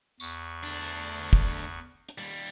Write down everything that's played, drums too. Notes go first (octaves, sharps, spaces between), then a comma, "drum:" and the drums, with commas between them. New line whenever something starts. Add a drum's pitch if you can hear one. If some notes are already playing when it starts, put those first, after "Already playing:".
E2 C#6, drum: tambourine
D2 D4
drum: kick
drum: hi-hat
D#2 G3